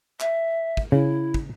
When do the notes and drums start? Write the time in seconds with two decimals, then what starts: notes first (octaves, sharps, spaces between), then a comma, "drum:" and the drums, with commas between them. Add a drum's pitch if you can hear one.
0.20 E5, drum: clap
0.77 drum: kick
0.92 C#3 E4
1.34 drum: kick